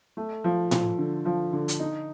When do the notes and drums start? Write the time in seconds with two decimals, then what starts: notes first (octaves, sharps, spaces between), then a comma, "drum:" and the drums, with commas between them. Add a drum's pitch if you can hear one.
0.17 A3
0.44 F3
0.71 F3, drum: tom A2
0.98 D3
1.25 F3
1.53 D3
1.68 drum: hi-hat
1.79 D#4